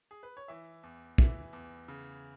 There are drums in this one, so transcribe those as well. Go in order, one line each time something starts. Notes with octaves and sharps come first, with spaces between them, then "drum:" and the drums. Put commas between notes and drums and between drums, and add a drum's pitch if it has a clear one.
G#4
B4
C#5
E3 E5
E2
E3 E5, drum: kick
E2
C#3